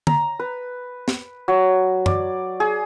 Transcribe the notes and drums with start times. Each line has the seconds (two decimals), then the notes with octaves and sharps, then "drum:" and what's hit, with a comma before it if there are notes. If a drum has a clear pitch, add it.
0.07 A#5, drum: tom
0.40 B4
1.08 drum: snare
1.48 F#3
2.06 D5, drum: tom F#2
2.60 G#4